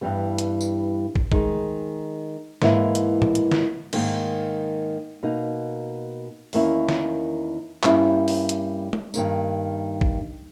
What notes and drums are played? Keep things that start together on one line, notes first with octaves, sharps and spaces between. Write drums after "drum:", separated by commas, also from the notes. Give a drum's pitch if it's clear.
G2 E3 G3 B3
drum: hi-hat
drum: tambourine
drum: kick
D#3 G#3 D#4, drum: kick
G#2 E3 A#3 E4, drum: snare
drum: hi-hat
drum: tom A2
drum: hi-hat
drum: snare
G#2 D#3 A#3, drum: cymbal
B2 A#3 D#4
E2 D#3 A#3 C#4 E4, drum: open hi-hat
drum: snare
G2 G3 A#3 C#4 E4, drum: clap
drum: open hi-hat
drum: hi-hat
drum: tom
G2 D#3 A#3 D#4, drum: tambourine
drum: kick